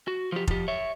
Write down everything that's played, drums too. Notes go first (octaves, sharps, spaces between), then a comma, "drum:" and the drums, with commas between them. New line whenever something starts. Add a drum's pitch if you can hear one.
F#4
F3 G4
F3 G4, drum: kick
C#5 E5